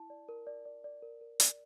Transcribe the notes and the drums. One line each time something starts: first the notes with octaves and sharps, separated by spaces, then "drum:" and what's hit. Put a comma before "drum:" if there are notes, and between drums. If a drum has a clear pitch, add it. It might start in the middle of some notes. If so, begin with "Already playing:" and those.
Already playing: E4 A5
D5
A#4
D5
D5
D5
A#4
A#4
D5, drum: hi-hat